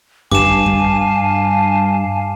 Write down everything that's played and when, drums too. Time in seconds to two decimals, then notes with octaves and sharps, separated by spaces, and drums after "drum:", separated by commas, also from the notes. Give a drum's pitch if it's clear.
0.32 G2 F5 G#5 A5 D6 E7, drum: kick F#2
0.66 drum: kick F#2